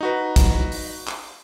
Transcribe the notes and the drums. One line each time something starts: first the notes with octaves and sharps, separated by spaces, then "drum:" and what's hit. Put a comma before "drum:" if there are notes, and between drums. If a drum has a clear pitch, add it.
D#4 F#4 B4
drum: kick, hi-hat
drum: open hi-hat
drum: clap